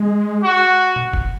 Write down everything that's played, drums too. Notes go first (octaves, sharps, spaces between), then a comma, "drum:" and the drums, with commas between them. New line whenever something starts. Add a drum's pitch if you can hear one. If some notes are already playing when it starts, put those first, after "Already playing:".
Already playing: G#3
F#4
drum: tom A#2
drum: kick